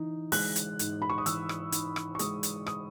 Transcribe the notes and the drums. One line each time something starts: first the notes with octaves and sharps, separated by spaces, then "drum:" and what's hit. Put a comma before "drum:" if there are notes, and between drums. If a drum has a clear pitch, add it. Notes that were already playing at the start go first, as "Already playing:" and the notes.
Already playing: E3 D#4
G#3 F#6, drum: open hi-hat
drum: hi-hat
G#2, drum: hi-hat
B5
C#6
D#6
E3 E6, drum: hi-hat
drum: rim click
D#4, drum: hi-hat
drum: rim click
C#6
G#3 D#6, drum: hi-hat
drum: hi-hat
D#6, drum: rim click